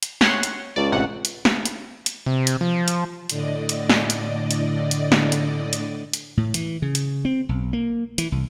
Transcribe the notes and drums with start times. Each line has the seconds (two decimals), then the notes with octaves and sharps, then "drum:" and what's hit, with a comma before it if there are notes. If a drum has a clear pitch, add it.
0.03 drum: hi-hat
0.21 C#5 F#5 C6, drum: snare
0.43 drum: hi-hat
0.76 C#2 D5
0.92 A1 C3 F#5
1.25 drum: hi-hat
1.45 drum: snare
1.65 drum: hi-hat
2.06 drum: hi-hat
2.26 C3
2.47 drum: hi-hat
2.61 F3
2.88 drum: hi-hat
3.29 A2 D3 D5 D#5, drum: hi-hat
3.69 drum: hi-hat
3.89 drum: snare
4.10 drum: hi-hat
4.51 drum: hi-hat
4.91 drum: hi-hat
5.12 drum: snare
5.32 drum: hi-hat
5.73 drum: hi-hat
6.13 drum: hi-hat
6.37 A2
6.54 E3, drum: hi-hat
6.82 C#3
6.95 drum: hi-hat
7.25 C4
7.49 B1
7.73 A#3
8.18 E3, drum: hi-hat
8.32 C2